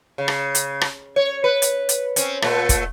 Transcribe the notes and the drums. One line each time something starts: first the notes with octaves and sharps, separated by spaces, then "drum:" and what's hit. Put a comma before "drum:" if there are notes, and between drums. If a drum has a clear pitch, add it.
C#3
drum: rim click
drum: hi-hat
drum: rim click
C#5
B4
drum: hi-hat
drum: hi-hat
C4 C#4, drum: hi-hat
A#2 A3, drum: rim click
drum: kick, hi-hat